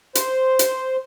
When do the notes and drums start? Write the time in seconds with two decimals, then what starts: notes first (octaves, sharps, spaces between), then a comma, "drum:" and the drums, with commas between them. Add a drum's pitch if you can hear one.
0.15 C5, drum: hi-hat
0.59 drum: hi-hat